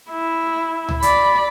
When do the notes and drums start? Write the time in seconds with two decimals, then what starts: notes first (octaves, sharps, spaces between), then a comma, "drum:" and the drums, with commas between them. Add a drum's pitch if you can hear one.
0.10 E4
0.89 drum: tom C#2
1.02 D5 B5, drum: hi-hat